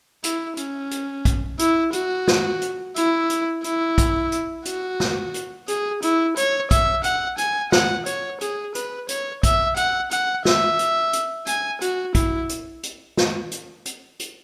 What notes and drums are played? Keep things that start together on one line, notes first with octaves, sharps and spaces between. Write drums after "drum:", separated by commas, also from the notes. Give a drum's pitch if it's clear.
E4, drum: hi-hat
C#4, drum: hi-hat
drum: hi-hat
drum: kick, hi-hat
E4, drum: hi-hat
F#4, drum: hi-hat
drum: snare
drum: hi-hat
E4, drum: hi-hat
drum: hi-hat
E4, drum: hi-hat
drum: kick, hi-hat
drum: hi-hat
F#4, drum: hi-hat
drum: snare
drum: hi-hat
G#4, drum: hi-hat
E4, drum: hi-hat
C#5, drum: hi-hat
E5, drum: kick, hi-hat
F#5, drum: hi-hat
G#5, drum: hi-hat
F#5, drum: snare
C#5, drum: hi-hat
G#4, drum: hi-hat
B4, drum: hi-hat
C#5, drum: hi-hat
E5, drum: kick, hi-hat
F#5, drum: hi-hat
F#5, drum: hi-hat
E5, drum: snare
drum: hi-hat
drum: hi-hat
G#5, drum: hi-hat
F#4, drum: hi-hat
E4, drum: kick, hi-hat
drum: hi-hat
drum: hi-hat
drum: snare
drum: hi-hat
drum: hi-hat
drum: hi-hat